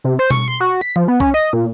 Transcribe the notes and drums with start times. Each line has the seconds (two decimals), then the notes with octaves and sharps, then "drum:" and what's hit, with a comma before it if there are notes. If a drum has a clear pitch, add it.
0.04 C3
0.19 C5
0.30 C#6, drum: tom B2
0.48 C6
0.60 F#4
0.81 B6
0.96 F3
1.08 B3
1.20 C#4, drum: kick B1
1.34 D#5
1.53 A#2